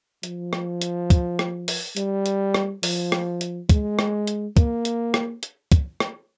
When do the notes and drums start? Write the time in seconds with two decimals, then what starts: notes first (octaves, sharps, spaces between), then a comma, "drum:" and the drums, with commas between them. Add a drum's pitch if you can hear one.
0.23 F3, drum: hi-hat
0.53 drum: rim click
0.81 drum: hi-hat
1.10 drum: kick, hi-hat
1.39 drum: rim click
1.68 drum: open hi-hat
1.97 G3, drum: hi-hat
2.26 drum: hi-hat
2.54 drum: rim click
2.83 F3, drum: open hi-hat
3.12 drum: rim click
3.41 drum: hi-hat
3.69 G#3, drum: kick, hi-hat
3.99 drum: rim click
4.27 drum: hi-hat
4.57 A#3, drum: kick, hi-hat
4.85 drum: hi-hat
5.14 drum: rim click
5.43 drum: hi-hat
5.72 drum: kick, hi-hat
6.00 drum: rim click